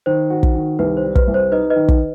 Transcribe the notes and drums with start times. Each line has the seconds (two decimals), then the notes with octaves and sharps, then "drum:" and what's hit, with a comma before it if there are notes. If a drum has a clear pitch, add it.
0.06 D#3 C5
0.30 F#4
0.43 drum: kick
0.55 D#3
0.79 C2 B4
0.97 C5
1.04 G3
1.15 B4, drum: kick
1.27 C2
1.34 C5
1.51 D#4 B4 D#5
1.70 B4 D#5
1.76 D#3
1.88 drum: kick